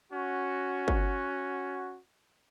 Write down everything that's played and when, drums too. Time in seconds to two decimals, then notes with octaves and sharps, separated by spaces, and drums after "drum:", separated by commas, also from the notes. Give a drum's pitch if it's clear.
0.13 C#4 F#4
0.88 drum: kick G1